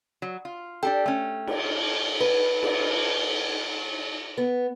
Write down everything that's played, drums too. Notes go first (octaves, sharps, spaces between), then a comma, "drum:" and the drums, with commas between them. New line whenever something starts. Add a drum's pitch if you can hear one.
F#3
F4
D4 G4 A4 G5
A3 C#4
drum: cymbal
B4
drum: cymbal
B3